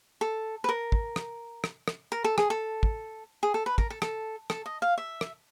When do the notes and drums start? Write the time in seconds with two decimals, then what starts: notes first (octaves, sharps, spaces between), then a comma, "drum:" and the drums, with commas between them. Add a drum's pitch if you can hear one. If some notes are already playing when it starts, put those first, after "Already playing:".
0.21 A4
0.64 B4
0.69 A#4
0.92 drum: kick
1.16 drum: rim click
1.64 drum: rim click
1.88 drum: rim click
2.12 A#4
2.24 A4
2.38 G#4, drum: rim click
2.50 A4
2.83 drum: kick
3.43 G#4
3.54 A4
3.66 B4
3.78 A#4, drum: kick
3.90 A4
4.02 A4, drum: rim click
4.50 A4, drum: rim click
4.66 D#5
4.82 F5
4.98 E5
5.21 drum: rim click